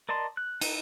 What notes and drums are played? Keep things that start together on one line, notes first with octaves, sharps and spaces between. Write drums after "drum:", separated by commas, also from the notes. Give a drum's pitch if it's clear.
A#4 D5 D#5 A5 C6
F#6
D#4 B4, drum: cymbal